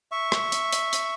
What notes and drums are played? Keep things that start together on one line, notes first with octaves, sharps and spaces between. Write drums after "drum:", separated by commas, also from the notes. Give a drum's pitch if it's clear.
E5 C#6
drum: rim click
drum: hi-hat
drum: hi-hat
drum: hi-hat